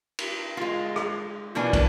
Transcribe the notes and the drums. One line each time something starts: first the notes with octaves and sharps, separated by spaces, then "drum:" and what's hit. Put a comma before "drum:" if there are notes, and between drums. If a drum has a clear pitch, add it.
drum: cymbal
G#3 F4
drum: rim click
B2 E3 A#3 D4 G#5
drum: kick, cymbal